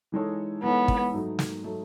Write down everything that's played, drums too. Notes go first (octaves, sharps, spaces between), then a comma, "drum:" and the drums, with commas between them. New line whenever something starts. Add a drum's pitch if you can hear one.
E3 G#3 D#4 A4 C#5
E3 G#3 B3 D#4 A4 C#5
drum: kick
G#2 F#3 A3 D#4
drum: snare
F#3 A3 D#4